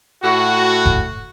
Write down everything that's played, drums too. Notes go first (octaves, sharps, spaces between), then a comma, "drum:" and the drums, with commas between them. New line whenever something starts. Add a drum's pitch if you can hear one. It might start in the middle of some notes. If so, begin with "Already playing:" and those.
A2 F#4
drum: kick F1